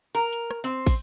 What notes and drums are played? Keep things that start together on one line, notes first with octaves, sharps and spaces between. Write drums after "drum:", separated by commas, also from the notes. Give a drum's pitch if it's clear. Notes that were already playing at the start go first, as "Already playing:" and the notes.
A#4, drum: hi-hat
drum: hi-hat
drum: rim click
C4
drum: kick, open hi-hat